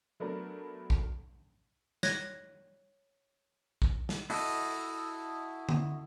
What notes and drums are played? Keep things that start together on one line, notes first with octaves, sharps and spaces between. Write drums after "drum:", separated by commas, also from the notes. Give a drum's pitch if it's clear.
F#3 A3 B3 D4 A#4
drum: kick A#1
C#5 F#6 G#6 A#6, drum: snare
drum: kick A#1
drum: snare
E4 F#4 A4 D#5, drum: open hi-hat
drum: tom D3